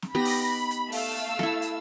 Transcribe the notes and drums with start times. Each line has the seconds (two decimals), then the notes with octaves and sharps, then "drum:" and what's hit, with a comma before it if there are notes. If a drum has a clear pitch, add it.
0.02 drum: snare
0.15 B3 D#4 G4 B5 A#6
0.25 drum: open hi-hat
0.44 B5
0.71 drum: hi-hat
0.92 A3 F5 E6, drum: open hi-hat
1.16 drum: hi-hat
1.39 E4 A4, drum: snare
1.62 drum: hi-hat